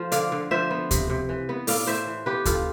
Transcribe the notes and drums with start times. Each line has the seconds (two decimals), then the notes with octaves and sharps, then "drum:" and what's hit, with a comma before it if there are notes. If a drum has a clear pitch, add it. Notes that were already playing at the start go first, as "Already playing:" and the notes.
Already playing: F3 A3 C5
0.12 D3 D5 F5, drum: hi-hat
0.32 D3
0.51 F3 C5 E5
0.71 B3
0.91 C3, drum: kick D2, hi-hat
1.10 C3
1.29 E3
1.49 B3
1.67 A2 D5 F5, drum: open hi-hat
1.87 A2 C5 E5
2.07 E3
2.26 B3 G4 B4
2.45 G2 F4 A4, drum: kick D2, hi-hat